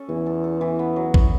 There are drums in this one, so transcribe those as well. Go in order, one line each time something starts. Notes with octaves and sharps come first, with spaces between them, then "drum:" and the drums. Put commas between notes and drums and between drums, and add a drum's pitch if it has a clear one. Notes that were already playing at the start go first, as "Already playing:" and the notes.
Already playing: C#4 A4
E2 E3
A4
A4
E3
B3
F#3
B3, drum: kick